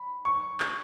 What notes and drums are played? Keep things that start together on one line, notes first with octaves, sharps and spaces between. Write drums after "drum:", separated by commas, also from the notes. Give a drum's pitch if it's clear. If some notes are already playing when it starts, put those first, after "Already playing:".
Already playing: B5
C#6
drum: clap